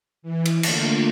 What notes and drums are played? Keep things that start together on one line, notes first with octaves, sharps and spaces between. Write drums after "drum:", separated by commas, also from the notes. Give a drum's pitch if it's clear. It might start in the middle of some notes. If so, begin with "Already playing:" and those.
E3
drum: cymbal
D3 A3 A#3 F4, drum: cymbal